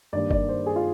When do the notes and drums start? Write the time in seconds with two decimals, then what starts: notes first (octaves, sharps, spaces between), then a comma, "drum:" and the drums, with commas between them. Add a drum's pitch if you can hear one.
0.13 G2 D#3 G3 A#3 D5
0.31 D5, drum: kick
0.49 C5
0.66 G#4
0.76 F4